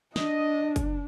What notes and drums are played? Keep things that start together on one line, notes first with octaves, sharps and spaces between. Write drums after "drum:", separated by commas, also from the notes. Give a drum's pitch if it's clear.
D4 D#5, drum: snare
drum: kick, hi-hat